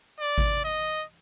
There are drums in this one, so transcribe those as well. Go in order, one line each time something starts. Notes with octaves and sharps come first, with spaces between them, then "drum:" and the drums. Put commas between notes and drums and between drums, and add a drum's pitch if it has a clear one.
D5
drum: kick G#1
D#5